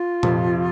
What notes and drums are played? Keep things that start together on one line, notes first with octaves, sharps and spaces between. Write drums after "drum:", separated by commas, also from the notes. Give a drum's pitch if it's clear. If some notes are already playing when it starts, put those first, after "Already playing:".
Already playing: F4
F2 C3 F3, drum: tom A#2